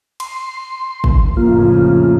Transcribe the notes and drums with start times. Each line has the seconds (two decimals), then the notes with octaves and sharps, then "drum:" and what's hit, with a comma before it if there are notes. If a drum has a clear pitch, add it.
0.20 C6, drum: cymbal
1.04 drum: kick
1.37 F2 A2 C#3 A#3 F4